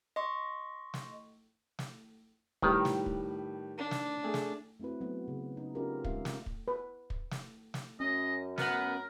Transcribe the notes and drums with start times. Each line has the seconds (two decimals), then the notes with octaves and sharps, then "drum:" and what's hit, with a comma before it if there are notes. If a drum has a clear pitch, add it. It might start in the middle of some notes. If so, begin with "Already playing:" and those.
0.16 D#5 C6 C#6
0.94 drum: snare
1.79 drum: snare
2.62 A2 D#3 G3 B4, drum: kick
2.85 drum: snare
3.06 drum: kick
3.78 D4
3.91 drum: snare
4.23 A3 G#4
4.34 drum: snare
4.80 A3 C4 E4 F#4 B4
5.01 F#3 A3 B3
5.28 C#3
5.57 D#4
5.75 C#4 D#4 F4 G4 A#4 B4
6.04 G#3 C#4 E5 F5, drum: kick
6.25 drum: snare
6.46 drum: kick
6.68 B4
7.10 drum: kick
7.31 drum: snare
7.74 drum: snare
8.00 F#2 C#4 D#5
8.58 B3 A#4 B4 F#5, drum: snare